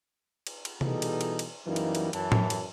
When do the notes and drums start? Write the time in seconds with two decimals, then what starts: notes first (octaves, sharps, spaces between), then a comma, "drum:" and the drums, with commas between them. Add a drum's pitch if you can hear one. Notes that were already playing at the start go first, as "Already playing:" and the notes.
0.47 drum: cymbal
0.65 drum: cymbal
0.81 B2 E3 G3 D#4 G#4 A4, drum: tom C3
1.02 drum: cymbal
1.21 drum: cymbal
1.39 drum: cymbal
1.66 F#2 E3 F#3 G3 A#3 D#4
1.76 drum: cymbal
1.95 drum: cymbal
2.13 F#2 E3 A5, drum: cymbal
2.32 drum: tom
2.50 drum: cymbal